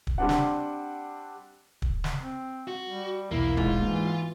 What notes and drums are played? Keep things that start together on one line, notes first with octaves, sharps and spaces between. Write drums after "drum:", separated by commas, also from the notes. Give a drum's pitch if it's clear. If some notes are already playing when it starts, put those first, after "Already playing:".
drum: kick
G3 C4 D4 F#5
drum: snare
drum: kick
drum: snare
C4
F#4
G3
B1 E2 A#3 E4
G#2 F4, drum: kick
E3 A#3